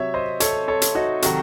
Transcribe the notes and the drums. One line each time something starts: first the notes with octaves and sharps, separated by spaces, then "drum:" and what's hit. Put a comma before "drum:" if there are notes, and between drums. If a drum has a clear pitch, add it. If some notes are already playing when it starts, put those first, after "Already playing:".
Already playing: C3 F#3 C#5 E5
C5 D#5
A4 C#5, drum: hi-hat
A4 C#5
drum: hi-hat
D#4 F#4
C3 D#3 F#3 F#4 A4, drum: hi-hat